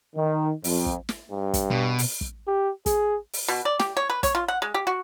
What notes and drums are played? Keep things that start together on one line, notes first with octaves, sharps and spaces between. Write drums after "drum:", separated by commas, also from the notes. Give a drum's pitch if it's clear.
D#3
F2, drum: open hi-hat
drum: kick
drum: snare
G2
drum: kick, hi-hat
B2
drum: open hi-hat
drum: kick
G4
G#4, drum: kick, hi-hat
drum: open hi-hat
B2
D5
G4, drum: snare
C#5
B4
C#5, drum: kick, hi-hat
F4
F#5
G#3
G4
F#4